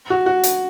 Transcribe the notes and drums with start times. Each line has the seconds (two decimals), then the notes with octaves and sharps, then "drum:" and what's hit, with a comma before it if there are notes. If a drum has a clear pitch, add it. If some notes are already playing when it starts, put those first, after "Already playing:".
0.10 F#4
0.26 F#4
0.43 drum: hi-hat